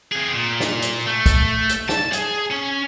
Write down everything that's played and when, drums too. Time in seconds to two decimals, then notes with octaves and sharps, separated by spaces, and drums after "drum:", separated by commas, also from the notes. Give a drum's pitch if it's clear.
0.12 C4 G#4
0.34 A#2
0.60 drum: snare
0.82 drum: hi-hat
1.06 A3
1.26 drum: kick, hi-hat
1.69 drum: hi-hat
1.89 A5, drum: snare
2.13 G#4, drum: hi-hat
2.51 C#4